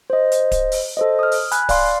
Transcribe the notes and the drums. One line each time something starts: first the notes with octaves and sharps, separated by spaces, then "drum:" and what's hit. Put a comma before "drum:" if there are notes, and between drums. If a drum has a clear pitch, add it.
C5 D#5
drum: hi-hat
drum: kick D1, hi-hat
drum: open hi-hat
A4 C5 D#5
D#6 F6
drum: open hi-hat
G#5 B5 F#6, drum: hi-hat
D5 F5 C6, drum: kick D1, open hi-hat